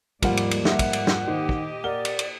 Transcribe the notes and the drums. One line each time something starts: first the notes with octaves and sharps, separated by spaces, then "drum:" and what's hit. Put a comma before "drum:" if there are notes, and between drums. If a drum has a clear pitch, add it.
D#2 G#2 F3 G3 A#3 F4 D5 F#5, drum: kick, cymbal
drum: cymbal
drum: cymbal
A#4 E5 F#5, drum: snare
drum: kick, cymbal
drum: cymbal
drum: snare
A#2 D#3 G4 C5 D#5
drum: kick
A#4 D5 F#5 G7
drum: cymbal
drum: cymbal